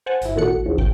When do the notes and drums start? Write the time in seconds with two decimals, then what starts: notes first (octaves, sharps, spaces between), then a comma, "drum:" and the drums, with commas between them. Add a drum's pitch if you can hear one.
0.06 C5 F#5 G#5 A5
0.21 G1 E4, drum: hi-hat
0.36 A#2 D#3 F#4 A4 F#5 C#7
0.49 A1
0.66 D2 C#3 E3 F3
0.78 G5, drum: kick